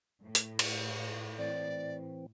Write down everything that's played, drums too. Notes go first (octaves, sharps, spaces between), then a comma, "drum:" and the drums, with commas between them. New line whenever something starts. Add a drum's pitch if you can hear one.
A2
drum: hi-hat
drum: cymbal
E3 C4 D5